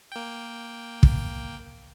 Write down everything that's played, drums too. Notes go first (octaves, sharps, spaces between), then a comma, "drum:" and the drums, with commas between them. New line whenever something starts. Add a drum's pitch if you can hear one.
A#3 G5
drum: kick